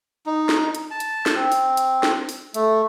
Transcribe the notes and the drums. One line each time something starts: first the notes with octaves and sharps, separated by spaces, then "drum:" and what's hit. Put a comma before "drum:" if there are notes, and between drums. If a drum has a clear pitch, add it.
D#4
drum: snare
drum: hi-hat
A5
drum: hi-hat
drum: snare
C4
drum: open hi-hat
drum: hi-hat
drum: snare
drum: open hi-hat
A3, drum: hi-hat